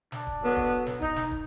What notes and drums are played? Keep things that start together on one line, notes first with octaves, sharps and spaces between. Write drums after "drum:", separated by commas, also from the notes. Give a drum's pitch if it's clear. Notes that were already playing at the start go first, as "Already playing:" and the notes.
D4, drum: snare
drum: kick
D3 F#3 B3
drum: kick
drum: snare
D#4, drum: kick
drum: snare
drum: kick